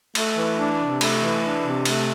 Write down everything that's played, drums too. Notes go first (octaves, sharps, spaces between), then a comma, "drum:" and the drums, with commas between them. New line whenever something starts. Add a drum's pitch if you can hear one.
A3, drum: cymbal
E3
D4
C3
A3, drum: cymbal
E3
D4
C3
A3, drum: cymbal